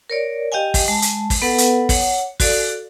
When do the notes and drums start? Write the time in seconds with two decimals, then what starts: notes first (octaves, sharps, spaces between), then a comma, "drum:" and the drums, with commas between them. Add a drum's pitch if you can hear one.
0.10 A#4 C#5 D5
0.52 G4 D#5 F5 G5 G#5
0.74 drum: kick, open hi-hat
0.88 G#3 A5
1.02 drum: hi-hat
1.30 drum: kick, open hi-hat
1.42 B3 A4 B4 F#5
1.58 drum: hi-hat
1.89 C#5 F#5, drum: kick, open hi-hat
2.40 F#4 A4 D5 F5, drum: kick, open hi-hat